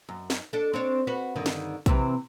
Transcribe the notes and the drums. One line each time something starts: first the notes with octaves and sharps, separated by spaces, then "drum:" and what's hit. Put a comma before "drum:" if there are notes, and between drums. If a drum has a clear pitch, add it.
F#2
drum: snare
D4 A4
C4 D4 C#5
F#4 B4 C#5
G2 D3 D#3
drum: snare
C3 E3 C4, drum: kick, hi-hat